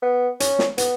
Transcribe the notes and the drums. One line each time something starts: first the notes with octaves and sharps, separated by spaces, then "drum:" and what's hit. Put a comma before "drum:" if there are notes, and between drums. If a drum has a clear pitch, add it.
B3
C#4, drum: hi-hat
drum: snare
B3, drum: hi-hat